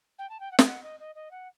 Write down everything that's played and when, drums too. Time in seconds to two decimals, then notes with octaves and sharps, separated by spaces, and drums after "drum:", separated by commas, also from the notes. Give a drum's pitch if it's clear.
0.19 G5
0.30 A5
0.40 G5
0.51 F#5
0.59 G5, drum: snare
0.67 F#5
0.83 D#5
1.00 D#5
1.15 D#5
1.31 F#5